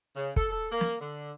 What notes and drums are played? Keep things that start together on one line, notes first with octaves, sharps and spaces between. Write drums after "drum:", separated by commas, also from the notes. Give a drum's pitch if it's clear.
C#3
A4, drum: kick
A4
A#3
drum: snare
D3